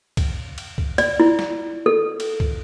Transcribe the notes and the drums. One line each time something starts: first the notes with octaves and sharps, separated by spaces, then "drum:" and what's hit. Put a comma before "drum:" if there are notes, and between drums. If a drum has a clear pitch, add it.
drum: kick, cymbal
drum: cymbal
drum: kick
D5, drum: cymbal
E4
drum: snare
A4
drum: cymbal
drum: kick